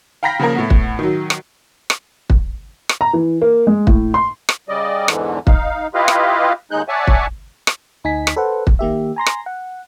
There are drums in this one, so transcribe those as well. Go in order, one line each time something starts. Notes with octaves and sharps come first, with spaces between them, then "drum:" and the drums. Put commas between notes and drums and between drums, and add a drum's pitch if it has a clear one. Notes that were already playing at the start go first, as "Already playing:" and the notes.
F5 G5 A#5 B5 A#6 B6
C#3 F3 A#3 A#4
A2 A3 B3
drum: kick
D#3 F#3
drum: rim click
drum: rim click
drum: kick
drum: rim click
A#5
E3
A#3
G#3
A2, drum: kick
C6
drum: rim click
C#3 G3 D5 D#5
E2 G#2 D3 E3, drum: rim click
D#4 F5, drum: kick
E4 F4 G4 B4 D#5 F5
drum: rim click
D#2 G#3 D#4 F#6 G6
C#5 D5 E5 F#5 G#5 A5
drum: kick
drum: rim click
D2 D#4 G#5 B6
drum: rim click
A4 B4 C5 F#5
drum: kick
D#3 A#3 G4 E5
G#5 A#5 C6 A#6
drum: rim click
F#5